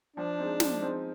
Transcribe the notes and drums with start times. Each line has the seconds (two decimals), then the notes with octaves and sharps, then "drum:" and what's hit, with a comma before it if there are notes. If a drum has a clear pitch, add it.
0.16 F3 D4
0.38 G#3 C4 D#4
0.60 F3, drum: snare
0.81 G#3 C4 D#4